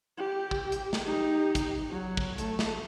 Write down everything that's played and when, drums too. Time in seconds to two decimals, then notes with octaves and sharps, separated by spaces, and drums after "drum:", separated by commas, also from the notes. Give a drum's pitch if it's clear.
0.18 G4
0.51 drum: kick
0.72 drum: hi-hat
0.93 drum: snare
1.07 D#4 G4
1.55 drum: kick, hi-hat
1.90 F#3
2.17 drum: kick
2.38 A3, drum: hi-hat
2.59 drum: snare